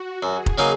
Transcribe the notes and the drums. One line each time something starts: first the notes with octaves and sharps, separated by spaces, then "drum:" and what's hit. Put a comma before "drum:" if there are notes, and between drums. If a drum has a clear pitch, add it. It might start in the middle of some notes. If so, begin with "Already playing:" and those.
Already playing: F#4
F#2 G#4
drum: kick F1
C#3 F#3 A#3 D#4